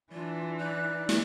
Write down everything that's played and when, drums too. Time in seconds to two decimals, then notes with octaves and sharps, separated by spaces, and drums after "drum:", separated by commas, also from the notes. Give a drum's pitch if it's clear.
0.13 E3 D4 F4
0.59 D#4 D5 F#6
1.09 drum: snare